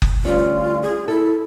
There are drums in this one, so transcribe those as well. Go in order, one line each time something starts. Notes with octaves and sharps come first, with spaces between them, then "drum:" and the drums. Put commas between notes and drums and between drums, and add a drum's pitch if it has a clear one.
drum: kick F#1
D2 G3 C#4 F4
G#4
E4 A4